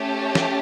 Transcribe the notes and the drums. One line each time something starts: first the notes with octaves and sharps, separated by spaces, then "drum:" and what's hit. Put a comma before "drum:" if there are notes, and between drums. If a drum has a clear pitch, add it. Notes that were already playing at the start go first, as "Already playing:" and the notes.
Already playing: A3 C#4 G4
drum: snare